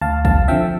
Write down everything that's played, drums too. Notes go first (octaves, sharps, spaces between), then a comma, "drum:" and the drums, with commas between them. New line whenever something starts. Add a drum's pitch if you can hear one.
D2 F5 A5
F5 A5, drum: kick
D3 F3 C4 E5 G5